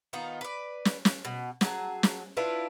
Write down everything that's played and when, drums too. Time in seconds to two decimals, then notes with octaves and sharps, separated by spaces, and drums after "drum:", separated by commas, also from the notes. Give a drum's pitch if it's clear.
0.13 D#3 B3 D#4 F4
0.41 B4 D5
0.85 drum: snare
1.05 drum: snare
1.25 B2
1.61 F#3 G#4 D5 A5, drum: snare
2.03 drum: snare
2.37 D4 E4 F4 B4